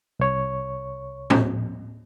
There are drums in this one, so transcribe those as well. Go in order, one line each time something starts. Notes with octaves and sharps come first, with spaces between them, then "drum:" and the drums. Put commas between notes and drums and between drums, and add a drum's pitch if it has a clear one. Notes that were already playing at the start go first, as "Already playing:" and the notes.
C2 C#5 C#6
drum: tom